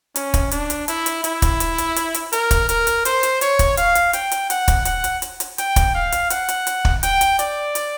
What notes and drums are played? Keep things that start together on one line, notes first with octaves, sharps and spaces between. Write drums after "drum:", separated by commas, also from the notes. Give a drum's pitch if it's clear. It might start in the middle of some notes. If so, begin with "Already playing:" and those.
C#4, drum: hi-hat
drum: kick, hi-hat
D4, drum: hi-hat
drum: hi-hat
E4, drum: hi-hat
drum: hi-hat
E4, drum: hi-hat
drum: kick, hi-hat
drum: hi-hat
drum: hi-hat
drum: hi-hat
drum: hi-hat
A#4, drum: hi-hat
drum: kick, hi-hat
A#4, drum: hi-hat
drum: hi-hat
C5, drum: hi-hat
drum: hi-hat
C#5, drum: hi-hat
drum: kick, hi-hat
F5, drum: hi-hat
drum: hi-hat
G5, drum: hi-hat
drum: hi-hat
F#5, drum: hi-hat
drum: kick, hi-hat
F#5, drum: hi-hat
drum: hi-hat
drum: hi-hat
drum: hi-hat
G5, drum: hi-hat
drum: kick, hi-hat
F5
drum: hi-hat
F#5, drum: hi-hat
drum: hi-hat
drum: hi-hat
drum: kick
G5, drum: hi-hat
drum: hi-hat
D5, drum: hi-hat
drum: hi-hat